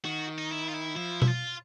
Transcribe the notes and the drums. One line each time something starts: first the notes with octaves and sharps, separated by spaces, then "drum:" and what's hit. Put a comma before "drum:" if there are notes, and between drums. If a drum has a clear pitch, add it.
D#3 F#4
D#4
E4
F4
E4
F3 E4
E4, drum: tom B2
F4